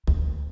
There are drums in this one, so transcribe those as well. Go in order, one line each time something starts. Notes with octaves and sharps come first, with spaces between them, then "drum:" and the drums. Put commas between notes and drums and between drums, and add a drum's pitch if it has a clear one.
D2, drum: kick